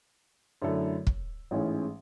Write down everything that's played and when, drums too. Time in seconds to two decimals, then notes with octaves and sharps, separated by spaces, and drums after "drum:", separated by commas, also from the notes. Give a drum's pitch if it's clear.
0.62 F#2 D3 A3 E4 A4
1.07 drum: kick
1.51 A1 G#2 E3 G#3 C#4